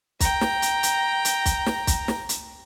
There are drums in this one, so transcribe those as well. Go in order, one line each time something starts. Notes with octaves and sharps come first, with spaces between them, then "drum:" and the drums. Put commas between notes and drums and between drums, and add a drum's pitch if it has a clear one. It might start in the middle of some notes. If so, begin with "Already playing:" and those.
G5 A#5, drum: kick, hi-hat
drum: snare
drum: hi-hat
drum: hi-hat
drum: hi-hat
drum: kick, hi-hat
drum: snare
drum: kick, hi-hat
drum: snare
drum: hi-hat